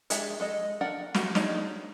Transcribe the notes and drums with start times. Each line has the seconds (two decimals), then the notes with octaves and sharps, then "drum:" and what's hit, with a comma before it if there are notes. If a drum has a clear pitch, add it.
0.10 G#3 D4 G4 G#4 E5, drum: hi-hat
0.40 G#3 A4 D#5
0.81 D4 A#4 D5 F#5 G5
1.15 F#3 A3 F#4 G4, drum: snare
1.35 D4 D#4 G#4 C#5 D#5, drum: snare